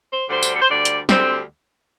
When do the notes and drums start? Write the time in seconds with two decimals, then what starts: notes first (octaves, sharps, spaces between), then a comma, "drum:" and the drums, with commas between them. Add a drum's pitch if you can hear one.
0.10 C5
0.29 D2 D3 G3 C5
0.43 drum: tambourine
0.54 A4
0.61 C5
0.69 D2 D3 G3 D5
0.85 drum: hi-hat
1.09 D2 D3 G3 C4, drum: snare